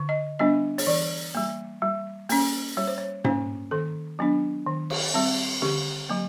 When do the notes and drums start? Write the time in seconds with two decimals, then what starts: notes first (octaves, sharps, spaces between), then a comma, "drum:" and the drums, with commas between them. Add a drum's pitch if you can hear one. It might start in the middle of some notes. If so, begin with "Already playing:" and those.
Already playing: D3
0.09 D#5
0.39 G3 B3 D4 D#5
0.78 C#5, drum: open hi-hat
0.87 E3 D5
1.35 G3 A#3
1.82 G3
2.29 A#3 C#4, drum: open hi-hat
2.77 G3 C#5
2.87 C5
2.98 C#5
3.24 A#3 C#4 C5, drum: tom G#2
3.71 D#3 A4
4.19 F#3 B3 D4
4.66 D#3
4.90 drum: cymbal
5.14 G3 C4
5.62 D3 G4, drum: snare
6.09 F#3 A#3